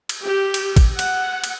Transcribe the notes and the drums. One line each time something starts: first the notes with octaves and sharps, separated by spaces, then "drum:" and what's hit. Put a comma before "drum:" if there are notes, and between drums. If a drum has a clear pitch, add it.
drum: cymbal
G4
drum: cymbal
drum: kick A1, cymbal
F#5, drum: cymbal
drum: cymbal